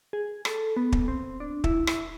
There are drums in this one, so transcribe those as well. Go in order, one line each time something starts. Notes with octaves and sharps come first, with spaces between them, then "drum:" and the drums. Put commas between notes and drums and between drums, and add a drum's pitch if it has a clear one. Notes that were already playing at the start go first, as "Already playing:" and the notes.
G#4
A4, drum: rim click
B3
drum: kick
C4
D4
E4, drum: kick
E4, drum: rim click